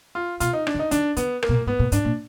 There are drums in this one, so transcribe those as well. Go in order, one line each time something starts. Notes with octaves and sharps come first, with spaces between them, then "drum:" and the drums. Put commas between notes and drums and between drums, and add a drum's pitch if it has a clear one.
F4
B2 F4, drum: hi-hat
D#4
D4, drum: rim click
D3
D#4
D#3 D4, drum: hi-hat
D3 B3, drum: hi-hat
A#3, drum: rim click
B2
A#2
G#2 B3
A#2
G#2 D4, drum: hi-hat
A#2